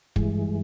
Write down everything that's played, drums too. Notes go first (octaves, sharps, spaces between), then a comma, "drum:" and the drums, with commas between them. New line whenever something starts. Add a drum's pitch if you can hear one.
G2 E3 G#3, drum: kick